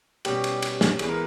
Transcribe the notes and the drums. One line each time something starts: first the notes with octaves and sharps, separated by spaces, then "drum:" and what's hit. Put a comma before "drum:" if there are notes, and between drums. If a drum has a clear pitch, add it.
B2 G3 C#4 G4, drum: cymbal
drum: cymbal
drum: cymbal
drum: snare
E3 G#3 B3 G#4, drum: cymbal
A#4